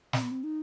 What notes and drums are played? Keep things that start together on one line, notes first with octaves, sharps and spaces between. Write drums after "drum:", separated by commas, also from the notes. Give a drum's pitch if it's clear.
C4, drum: snare
B3
C4
D#4